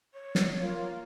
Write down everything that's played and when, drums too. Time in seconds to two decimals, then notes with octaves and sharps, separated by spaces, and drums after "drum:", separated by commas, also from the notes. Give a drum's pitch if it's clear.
0.14 C#5
0.35 drum: snare
0.59 A#3 F4